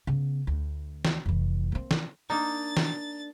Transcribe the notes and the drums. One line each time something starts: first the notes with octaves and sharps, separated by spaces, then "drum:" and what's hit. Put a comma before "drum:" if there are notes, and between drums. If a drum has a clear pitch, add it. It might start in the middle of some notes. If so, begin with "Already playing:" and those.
C#3 B3
D2
drum: snare
F1 E3
A#3 C4
D#3, drum: snare
A#3 D4 D#4 A#5 A6
drum: snare